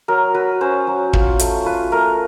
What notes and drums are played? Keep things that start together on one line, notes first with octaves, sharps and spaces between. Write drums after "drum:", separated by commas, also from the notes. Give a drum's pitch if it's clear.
F#3 A#4
F#3 B4
C#4 C5
F#3
F4, drum: kick
A3, drum: hi-hat
F4 B4
A3 A#4